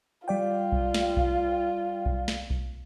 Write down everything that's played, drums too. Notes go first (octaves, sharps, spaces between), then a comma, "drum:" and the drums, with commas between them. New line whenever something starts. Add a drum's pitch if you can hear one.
G3 F4 D5 G5
drum: kick B1
drum: snare
drum: kick B1
drum: kick B1
drum: snare
drum: kick B1